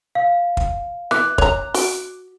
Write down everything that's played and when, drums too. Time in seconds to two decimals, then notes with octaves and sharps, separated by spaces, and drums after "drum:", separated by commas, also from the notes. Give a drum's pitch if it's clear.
0.15 F5
0.57 drum: kick
1.11 E3 D6 F#6, drum: snare
1.38 C#5 A#5, drum: kick
1.74 F#4, drum: open hi-hat